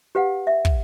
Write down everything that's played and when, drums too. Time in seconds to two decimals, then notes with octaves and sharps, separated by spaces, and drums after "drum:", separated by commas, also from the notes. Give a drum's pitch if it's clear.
0.15 G4 B4 F5 F#5
0.47 E5
0.65 drum: kick